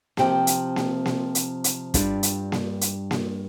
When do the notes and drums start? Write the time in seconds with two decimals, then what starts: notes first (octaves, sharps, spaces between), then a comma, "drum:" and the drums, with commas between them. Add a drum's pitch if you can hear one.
0.17 C3 F3 C4 G4, drum: snare A#3
0.47 drum: hi-hat
0.76 drum: snare A#3
1.06 drum: snare A#3
1.35 drum: hi-hat
1.64 drum: hi-hat
1.94 G2 G3 D4 F4, drum: kick, hi-hat
2.23 drum: hi-hat
2.52 drum: snare A#3
2.81 drum: hi-hat
3.11 drum: snare A#3